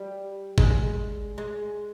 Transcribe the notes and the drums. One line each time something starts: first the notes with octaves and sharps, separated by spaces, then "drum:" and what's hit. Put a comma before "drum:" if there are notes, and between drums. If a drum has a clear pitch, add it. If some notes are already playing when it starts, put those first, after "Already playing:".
Already playing: G3
G#3, drum: kick
G#3